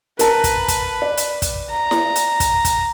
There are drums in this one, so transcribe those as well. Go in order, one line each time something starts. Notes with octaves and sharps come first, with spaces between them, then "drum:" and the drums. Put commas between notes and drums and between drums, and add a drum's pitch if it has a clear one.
A#4 B4 A5 A#5, drum: hi-hat
drum: kick, hi-hat
drum: kick, hi-hat
D5
drum: hi-hat
drum: kick, hi-hat
A#5
drum: snare E4
drum: hi-hat
drum: kick, hi-hat
drum: kick, hi-hat